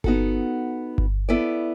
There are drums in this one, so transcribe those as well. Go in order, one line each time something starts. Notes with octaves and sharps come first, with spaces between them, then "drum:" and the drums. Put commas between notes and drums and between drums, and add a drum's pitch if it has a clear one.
B3 D#4 F#4 A4, drum: kick G1
drum: kick G1
B3 E4 A4 D5